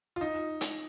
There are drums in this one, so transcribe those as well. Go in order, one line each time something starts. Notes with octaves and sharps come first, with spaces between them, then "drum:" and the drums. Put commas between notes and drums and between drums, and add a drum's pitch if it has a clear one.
F4
D#4
drum: hi-hat